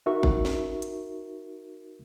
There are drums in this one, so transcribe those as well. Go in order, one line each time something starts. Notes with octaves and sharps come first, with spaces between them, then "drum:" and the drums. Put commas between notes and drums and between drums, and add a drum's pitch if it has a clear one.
D#4 F#4 A#4 E5 C#6
drum: kick G#1
drum: snare
drum: hi-hat